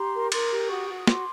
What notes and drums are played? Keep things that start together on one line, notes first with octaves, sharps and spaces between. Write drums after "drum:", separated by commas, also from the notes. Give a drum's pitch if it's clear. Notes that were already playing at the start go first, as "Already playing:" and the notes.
Already playing: G4 A#5 C6
A#4
A#4 C6 D6, drum: cymbal
G4
F#4 C#6 D#6
F#4
D#6
F#4 C6 D6, drum: snare